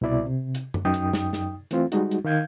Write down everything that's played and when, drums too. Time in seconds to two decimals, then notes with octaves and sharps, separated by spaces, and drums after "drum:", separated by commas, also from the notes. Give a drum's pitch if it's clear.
0.01 C2 B2 E4 D5
0.26 C3
0.55 drum: hi-hat
0.74 drum: tom F#2
0.85 F#2 D#4 G5 D#6
0.94 drum: hi-hat
1.13 drum: snare
1.33 drum: snare
1.71 E3 A3 C4 F4, drum: hi-hat
1.92 G3 G#3 D#4 F#4, drum: hi-hat
2.11 drum: hi-hat
2.25 D#3 F5 G6 G#6